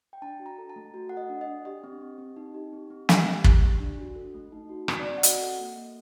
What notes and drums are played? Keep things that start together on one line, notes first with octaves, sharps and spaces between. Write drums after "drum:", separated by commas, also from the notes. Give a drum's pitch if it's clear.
G5
D4 A5
F#4
A#5
A4
A5
A3
F#4
A4 F#5
D#5
D4
D#5
D4
G4 D#5
C4
G4
C4
D#4
G4
C4
C4
G4, drum: snare
D4
G4, drum: kick
D4
D4
F#4
A4
A3
D#4
F#4
C4, drum: rim click
D5
C4
F#5
F#4 D#5, drum: hi-hat
A4
A#3
A#3